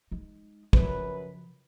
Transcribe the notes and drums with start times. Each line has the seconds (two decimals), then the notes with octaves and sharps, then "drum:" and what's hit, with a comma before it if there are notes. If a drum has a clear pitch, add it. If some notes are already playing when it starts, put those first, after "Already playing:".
0.11 G#3 D#4
0.73 F#2 C#3 F3 B4, drum: kick